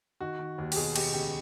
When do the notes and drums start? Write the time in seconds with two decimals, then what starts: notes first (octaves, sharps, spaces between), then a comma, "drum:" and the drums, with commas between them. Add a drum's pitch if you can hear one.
0.21 D#3 F#4
0.39 D#3
0.58 D#2
0.72 G4, drum: open hi-hat
0.76 B2 G#4
0.96 B2 G4, drum: cymbal
1.14 C#2 G4